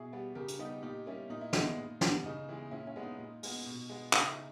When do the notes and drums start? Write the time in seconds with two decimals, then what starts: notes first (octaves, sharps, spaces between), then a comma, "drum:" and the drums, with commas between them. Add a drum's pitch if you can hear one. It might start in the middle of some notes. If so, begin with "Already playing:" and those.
Already playing: B2 E4 G#4
0.13 G3 B3
0.35 C#3 G4 A#4
0.48 drum: hi-hat
0.59 G3 B3 D#4 G4
0.82 A#2 D#4 G4
1.06 G3 A#3 C#4 E4
1.30 A#2 D#4
1.41 E4
1.53 G#3 B3 D#4, drum: snare
1.78 A#2
2.01 G3 B3, drum: snare
2.24 C#3 D#4
2.49 E3 G#3
2.71 A#2 C#4 E4
2.87 C#4 E4
2.96 G#3 B3
3.03 D#4
3.19 A#2
3.43 G#3 B3, drum: open hi-hat
3.66 B2
3.89 G#3 B3
4.13 C#3 D#4, drum: clap
4.22 E4
4.32 D#4